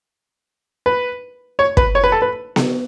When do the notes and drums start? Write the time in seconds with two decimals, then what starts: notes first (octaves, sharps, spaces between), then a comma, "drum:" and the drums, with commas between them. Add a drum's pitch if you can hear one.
0.86 B4
1.59 C#5
1.77 B4, drum: kick
1.95 C#5
2.04 B4
2.12 A4
2.22 B4
2.56 drum: snare B3